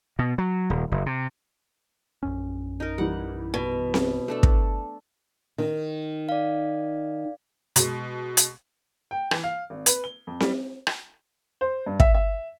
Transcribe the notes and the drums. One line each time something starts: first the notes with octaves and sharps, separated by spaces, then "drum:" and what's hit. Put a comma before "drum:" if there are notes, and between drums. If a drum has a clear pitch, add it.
B2
F#3
D#1
F#1
C3
A#1 F#2 C#4
D#4 A#4
E3 G3 F#5
B2
drum: snare C4
A3 D4 A4
drum: kick
D#3
D5 F5
B2 G#3, drum: hi-hat
drum: hi-hat
G5
E3, drum: rim click
F5
G#1
B4, drum: hi-hat
G7
F2
G3, drum: snare C4
drum: rim click
C5
G2
E5, drum: kick
E5